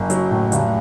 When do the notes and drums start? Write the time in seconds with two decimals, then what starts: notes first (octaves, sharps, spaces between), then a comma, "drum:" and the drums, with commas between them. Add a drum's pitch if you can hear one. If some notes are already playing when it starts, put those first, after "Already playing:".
Already playing: F#1
0.10 F#3, drum: hi-hat
0.30 A2
0.52 F1, drum: hi-hat